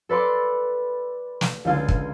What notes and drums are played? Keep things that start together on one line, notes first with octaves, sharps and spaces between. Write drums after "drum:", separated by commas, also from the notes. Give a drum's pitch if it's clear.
A4 B4 D5 C6 D6
drum: snare
C#2 D3 F4 G#4
drum: kick